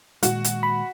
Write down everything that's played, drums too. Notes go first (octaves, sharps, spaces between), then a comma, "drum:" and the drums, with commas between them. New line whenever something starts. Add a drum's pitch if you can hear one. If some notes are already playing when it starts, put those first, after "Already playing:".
A#2 D#3 G#3 F#4, drum: hi-hat
drum: hi-hat
B5